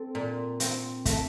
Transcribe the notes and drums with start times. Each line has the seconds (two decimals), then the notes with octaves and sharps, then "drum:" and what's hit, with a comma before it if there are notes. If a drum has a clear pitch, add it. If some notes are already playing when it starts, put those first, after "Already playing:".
Already playing: C4 A4
0.15 A#2
0.60 C4, drum: hi-hat
1.05 A3, drum: kick, hi-hat